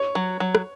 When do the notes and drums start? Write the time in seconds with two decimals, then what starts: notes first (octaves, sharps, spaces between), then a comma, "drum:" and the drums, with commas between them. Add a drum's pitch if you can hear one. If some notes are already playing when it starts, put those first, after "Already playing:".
Already playing: C#5
0.15 F#3
0.40 F#3
0.55 drum: rim click